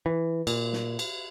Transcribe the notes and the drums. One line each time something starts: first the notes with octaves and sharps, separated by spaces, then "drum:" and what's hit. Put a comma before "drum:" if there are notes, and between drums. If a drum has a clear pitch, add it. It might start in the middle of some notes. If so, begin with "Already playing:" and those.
E3
A#2, drum: cymbal
drum: snare
drum: cymbal